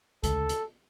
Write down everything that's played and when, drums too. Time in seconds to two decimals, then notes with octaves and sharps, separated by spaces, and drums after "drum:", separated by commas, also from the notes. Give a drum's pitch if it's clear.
0.23 D2 C#3 G#3 A4, drum: kick B1, hi-hat
0.49 drum: hi-hat